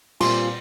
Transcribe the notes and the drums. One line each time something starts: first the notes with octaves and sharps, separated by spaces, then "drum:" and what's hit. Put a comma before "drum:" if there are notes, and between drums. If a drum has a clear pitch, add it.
A#2 G3 C4 C6, drum: cymbal